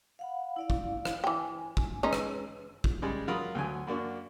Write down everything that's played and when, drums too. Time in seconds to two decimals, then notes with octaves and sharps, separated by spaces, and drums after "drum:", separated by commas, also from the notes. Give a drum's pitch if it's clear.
0.19 F5 F#5 B5
0.56 E4 D5 F5
0.70 drum: kick
1.05 drum: rim click
1.24 E3 G5 G#5
1.77 drum: kick
2.03 G#3 C#4 D#4 B4
2.13 drum: rim click
2.84 drum: kick
3.02 C#3 G3 G#3
3.28 F#3 F4 A#4 A#5 B5 D#6
3.55 D2 F#3 G#5
3.87 F#2 A#3 D4 F#4